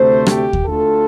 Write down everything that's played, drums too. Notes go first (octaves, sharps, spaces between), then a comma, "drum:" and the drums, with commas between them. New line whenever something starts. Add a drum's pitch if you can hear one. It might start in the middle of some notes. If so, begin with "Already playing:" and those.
Already playing: D2 C3 A3 C5
G4, drum: rim click
drum: kick D#2
D2 D3 A3 F4 A4